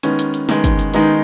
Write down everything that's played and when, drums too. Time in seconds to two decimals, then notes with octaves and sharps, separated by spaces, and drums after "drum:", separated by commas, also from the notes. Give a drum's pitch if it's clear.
0.03 D#3 G#3 B3 C#4, drum: hi-hat
0.19 drum: hi-hat
0.34 drum: hi-hat
0.49 D#3 G#3 B3, drum: snare
0.64 drum: kick, hi-hat
0.79 drum: hi-hat
0.94 D#3 G#3 B3 D#4, drum: hi-hat